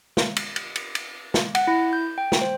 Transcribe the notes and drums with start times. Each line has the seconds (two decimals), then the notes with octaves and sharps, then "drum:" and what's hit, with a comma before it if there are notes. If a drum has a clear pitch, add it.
0.17 drum: snare
0.36 drum: cymbal
0.56 drum: cymbal
0.76 drum: cymbal
0.95 drum: cymbal
1.34 drum: snare
1.55 F#5, drum: cymbal
1.67 E4
1.93 G6
2.18 G5
2.32 drum: snare
2.41 C5